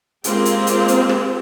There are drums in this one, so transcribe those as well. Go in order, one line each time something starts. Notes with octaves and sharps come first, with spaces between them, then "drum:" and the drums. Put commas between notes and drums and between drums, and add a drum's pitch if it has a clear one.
G#3 A#3 C4 F4 G4, drum: hi-hat
drum: hi-hat
drum: hi-hat
drum: hi-hat
drum: rim click